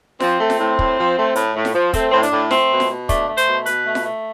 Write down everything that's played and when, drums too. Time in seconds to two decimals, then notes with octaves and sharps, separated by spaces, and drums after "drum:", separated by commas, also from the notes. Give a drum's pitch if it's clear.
0.20 F3 C4, drum: snare F4
0.40 A3
0.50 drum: snare F4
0.59 A2
0.79 A2, drum: kick
0.98 F3
1.17 A3
1.35 A2, drum: hi-hat
1.56 A2
1.65 drum: snare F4
1.75 F3
1.93 A3 C4, drum: kick, hi-hat
2.11 A2 C4
2.23 D4, drum: hi-hat
2.31 A2
2.51 A3 C4, drum: snare F4
2.71 B2
2.80 drum: snare F4
2.90 B2
3.09 A3 D4, drum: kick, hi-hat
3.27 A3
3.37 C5, drum: hi-hat
3.47 B2
3.66 B2 B4, drum: hi-hat
3.86 A3
3.95 drum: snare F4
4.05 A3